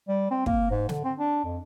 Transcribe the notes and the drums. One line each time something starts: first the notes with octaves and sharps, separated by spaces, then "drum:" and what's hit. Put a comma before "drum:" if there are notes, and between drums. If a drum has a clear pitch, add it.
G3
C4
A#3, drum: kick
G#2
D3, drum: snare
C4
D4
F2